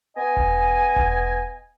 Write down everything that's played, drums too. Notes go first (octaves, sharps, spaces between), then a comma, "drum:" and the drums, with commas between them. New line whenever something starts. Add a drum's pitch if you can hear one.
B3 D#5 G#5
drum: kick E1
drum: kick E1